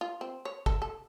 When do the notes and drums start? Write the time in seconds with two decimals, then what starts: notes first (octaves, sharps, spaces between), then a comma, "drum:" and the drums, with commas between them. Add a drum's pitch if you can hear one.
0.01 F4
0.21 C4
0.45 C#5
0.66 A4, drum: kick
0.82 A4